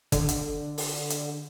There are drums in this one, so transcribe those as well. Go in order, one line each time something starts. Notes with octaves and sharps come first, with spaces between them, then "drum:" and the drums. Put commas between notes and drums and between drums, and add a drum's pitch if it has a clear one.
D3, drum: kick F#1, hi-hat
drum: hi-hat
drum: open hi-hat
drum: hi-hat